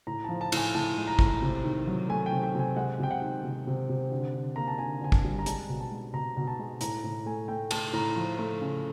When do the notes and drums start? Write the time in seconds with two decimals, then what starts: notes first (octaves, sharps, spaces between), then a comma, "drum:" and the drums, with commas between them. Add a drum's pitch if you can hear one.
0.07 A2 A#5
0.24 F3 A5
0.41 A5
0.52 A2 G#5, drum: cymbal
0.75 A2 A5
0.97 G#3
1.07 A#5
1.19 A2, drum: kick
1.42 C3
1.64 D#3
1.87 F#3
2.09 A3 G#5
2.26 G5
2.32 C3
2.43 G5
2.55 C3 G#5
2.76 G#3 F#5
2.99 C3 G5
3.11 F#5
3.21 D#3
3.44 C3
3.67 C3
3.89 C3
4.12 D3
4.34 D3
4.56 A#3 A#5
4.68 A5
4.78 D3 G#5
5.01 D3 G#5
5.12 A5, drum: kick
5.24 G3
5.39 A#5
5.46 G#3 A5, drum: hi-hat
5.69 B2
5.80 A5
5.92 G#3
6.14 B2 A#5
6.37 B2
6.47 A5
6.59 G#3
6.81 A2 A#5, drum: hi-hat
7.04 A2
7.26 A3 G#5
7.48 A3 G5
7.71 A3 A5, drum: cymbal
7.93 A2 A#5
8.16 F3
8.39 A3
8.61 C#3